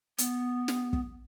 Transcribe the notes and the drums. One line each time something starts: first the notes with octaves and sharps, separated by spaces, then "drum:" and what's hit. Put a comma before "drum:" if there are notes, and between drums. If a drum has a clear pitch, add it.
B3, drum: hi-hat
drum: snare
drum: kick